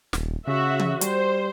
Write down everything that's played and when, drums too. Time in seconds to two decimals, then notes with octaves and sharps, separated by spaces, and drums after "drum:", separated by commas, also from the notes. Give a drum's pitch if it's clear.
0.13 D#1, drum: snare
0.47 C#3 F#4 E5
0.79 drum: tom
1.01 G3 C5, drum: hi-hat